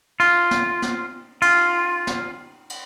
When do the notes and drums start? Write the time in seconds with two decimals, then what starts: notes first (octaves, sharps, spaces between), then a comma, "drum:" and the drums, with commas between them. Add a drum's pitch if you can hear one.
0.20 F4, drum: cymbal
0.51 drum: snare
0.82 drum: snare
1.42 F4, drum: cymbal
2.07 drum: snare
2.70 drum: cymbal